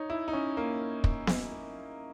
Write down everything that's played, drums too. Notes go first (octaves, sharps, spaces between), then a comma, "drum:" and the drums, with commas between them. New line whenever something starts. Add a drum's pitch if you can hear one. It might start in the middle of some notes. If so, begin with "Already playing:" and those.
Already playing: D#4 C#5
E4
D#4
C#4
A#3
drum: kick
drum: snare B3